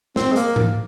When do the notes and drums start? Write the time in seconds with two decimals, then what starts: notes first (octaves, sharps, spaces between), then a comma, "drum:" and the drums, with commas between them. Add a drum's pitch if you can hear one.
0.16 C4, drum: snare
0.32 G#3
0.36 A#3, drum: hi-hat
0.56 drum: tom G#2